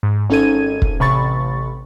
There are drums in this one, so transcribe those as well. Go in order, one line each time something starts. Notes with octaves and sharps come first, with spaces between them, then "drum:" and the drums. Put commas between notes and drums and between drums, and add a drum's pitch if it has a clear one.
G#2
G#1 C#4 D#4 A4 G#6 D#7
drum: kick
A1 C3 B5 C#6 A6